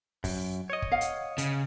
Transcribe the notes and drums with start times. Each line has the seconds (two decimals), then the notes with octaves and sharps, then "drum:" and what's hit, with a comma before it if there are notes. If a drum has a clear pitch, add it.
0.24 F#2, drum: kick, open hi-hat
0.70 C#5 D#5
0.82 drum: kick
0.92 F5 F#5
1.01 drum: hi-hat
1.38 C#3, drum: hi-hat